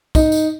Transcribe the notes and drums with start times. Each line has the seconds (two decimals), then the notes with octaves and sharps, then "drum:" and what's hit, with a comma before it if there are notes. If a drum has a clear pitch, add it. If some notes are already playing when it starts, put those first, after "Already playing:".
0.15 D#4, drum: kick, tambourine
0.32 drum: tambourine